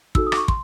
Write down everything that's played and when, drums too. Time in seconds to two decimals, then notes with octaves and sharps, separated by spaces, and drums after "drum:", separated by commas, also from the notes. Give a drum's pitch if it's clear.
0.15 D#4 F#4 A4 E6, drum: kick
0.27 D#6
0.32 D6, drum: rim click
0.37 C#6
0.48 C6, drum: kick